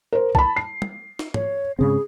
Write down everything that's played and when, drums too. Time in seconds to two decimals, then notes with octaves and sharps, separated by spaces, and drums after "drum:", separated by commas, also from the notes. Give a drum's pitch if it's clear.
0.13 A#4 C5
0.35 A5 B5, drum: kick
0.56 C7
0.82 drum: tom
1.19 drum: snare
1.34 C#5, drum: tom
1.79 G#2 C#3 C4 G#4